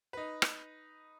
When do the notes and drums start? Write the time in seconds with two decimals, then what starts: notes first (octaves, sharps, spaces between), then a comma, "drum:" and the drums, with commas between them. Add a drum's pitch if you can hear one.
0.13 D#4 B4
0.42 drum: rim click